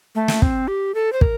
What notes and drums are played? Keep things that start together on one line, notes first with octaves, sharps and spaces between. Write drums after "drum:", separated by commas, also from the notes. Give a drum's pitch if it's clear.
A3
drum: snare
C4, drum: kick
G4
A4
C5
A#4, drum: kick